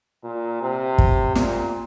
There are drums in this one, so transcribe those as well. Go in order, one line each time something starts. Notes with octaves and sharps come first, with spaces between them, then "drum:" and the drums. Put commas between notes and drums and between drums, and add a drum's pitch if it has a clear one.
A#2
C3
drum: kick
A#2, drum: snare